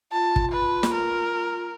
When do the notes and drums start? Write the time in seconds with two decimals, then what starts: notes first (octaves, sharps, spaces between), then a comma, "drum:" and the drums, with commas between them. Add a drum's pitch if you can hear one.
0.12 F4 A5
0.36 drum: kick
0.52 B4
0.83 drum: snare
0.94 A#4